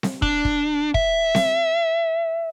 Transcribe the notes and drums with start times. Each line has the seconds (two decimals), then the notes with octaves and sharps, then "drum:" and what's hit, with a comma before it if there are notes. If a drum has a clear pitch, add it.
0.03 drum: snare C4
0.22 D4, drum: kick
0.45 drum: kick
0.94 E5, drum: kick
1.35 drum: snare C4